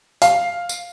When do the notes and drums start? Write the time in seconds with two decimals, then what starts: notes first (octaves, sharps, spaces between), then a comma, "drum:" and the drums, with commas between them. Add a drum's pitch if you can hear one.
0.22 F5, drum: open hi-hat
0.69 drum: tambourine